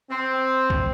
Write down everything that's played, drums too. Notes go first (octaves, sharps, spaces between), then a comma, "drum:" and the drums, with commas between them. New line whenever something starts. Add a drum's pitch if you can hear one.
C4
drum: kick